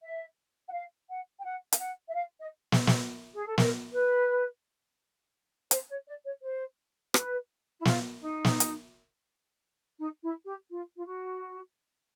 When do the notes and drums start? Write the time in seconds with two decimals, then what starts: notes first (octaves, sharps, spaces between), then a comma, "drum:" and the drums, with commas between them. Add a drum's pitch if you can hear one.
0.02 E5
0.67 F#5
0.72 F5
1.09 F#5
1.39 G5
1.44 F#5
1.73 F5, drum: hi-hat
1.79 F#5
2.08 E5
2.15 F5
2.39 D#5
2.72 drum: snare
2.87 drum: snare
3.33 G#4
3.46 A4
3.58 A#4, drum: snare
3.93 B4
5.71 C5, drum: hi-hat
5.89 C#5
6.06 D5
6.25 C#5
6.43 C5
7.14 B4, drum: rim click
7.79 E4
7.85 F4, drum: snare
8.20 D#4
8.44 drum: snare
8.60 drum: hi-hat
9.99 D#4
10.23 E4
10.45 G4
10.70 F4
10.97 F4
11.05 F#4